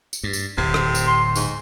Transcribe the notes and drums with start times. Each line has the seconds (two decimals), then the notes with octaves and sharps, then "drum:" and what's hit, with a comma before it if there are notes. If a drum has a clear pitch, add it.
0.13 drum: tambourine
0.23 G2
0.33 drum: tambourine
0.58 D1 A2 C3
0.74 drum: rim click
0.95 drum: tambourine
1.07 C6
1.36 G#2, drum: tambourine